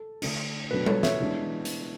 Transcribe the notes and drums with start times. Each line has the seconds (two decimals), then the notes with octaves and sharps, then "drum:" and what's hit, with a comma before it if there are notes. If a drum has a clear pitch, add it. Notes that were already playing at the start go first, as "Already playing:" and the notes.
Already playing: A4
0.22 D3 A3 D4, drum: cymbal
0.71 B2 F#3 A3 D4 B4
0.86 A4 C#5, drum: tom G3
1.03 C#5 E5, drum: snare
1.20 E3 G#3 B3 D4
1.65 drum: hi-hat